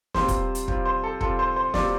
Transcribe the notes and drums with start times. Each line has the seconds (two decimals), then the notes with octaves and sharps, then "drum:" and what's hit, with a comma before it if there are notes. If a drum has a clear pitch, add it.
0.14 C3 G3 C4 F4 C5, drum: snare
0.28 drum: kick, hi-hat
0.55 drum: hi-hat
0.68 C3 G3 C4 F4, drum: kick
0.85 C5
1.04 A4
1.21 C3 G3 C4 F4 A4, drum: kick
1.39 C5
1.56 C5
1.74 C3 G3 C4 F4 D5, drum: snare